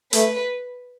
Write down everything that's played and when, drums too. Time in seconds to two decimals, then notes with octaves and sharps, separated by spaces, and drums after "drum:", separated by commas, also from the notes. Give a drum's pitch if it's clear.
0.13 A3 B4, drum: hi-hat